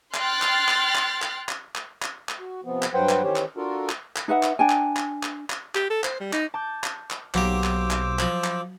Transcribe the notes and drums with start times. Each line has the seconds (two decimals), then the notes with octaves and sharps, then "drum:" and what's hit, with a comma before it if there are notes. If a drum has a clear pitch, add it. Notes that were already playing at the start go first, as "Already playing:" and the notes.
0.14 G5 C6 F6 F#6 A6, drum: clap
0.42 drum: clap
0.69 drum: clap
0.95 drum: clap
1.22 drum: clap
1.49 drum: clap
1.76 drum: clap
2.02 drum: clap
2.29 drum: clap
2.40 F#4
2.65 C3 F3 B3
2.83 drum: clap
2.93 G2 F#3 B4 C5 F#5 G5
3.09 drum: clap
3.23 D#3 E3 C#4 G4 C5 C#5
3.36 drum: clap
3.57 D4 F4 F#4 A4 A#4
3.90 drum: clap
4.16 drum: clap
4.28 D#4 B4 E5 F#5
4.43 drum: clap
4.59 D4 G5 G#5
4.70 drum: clap
4.97 drum: clap
5.23 drum: clap
5.50 drum: clap
5.75 G4, drum: clap
5.90 A4
6.04 C5, drum: clap
6.20 G3
6.33 D#4, drum: clap
6.54 A5 D6 G6
6.84 drum: clap
7.11 drum: clap
7.35 B1 F#3 A#3 G4 C5 D6 E6, drum: clap
7.64 drum: clap
7.91 drum: clap
8.19 F3, drum: clap
8.44 drum: clap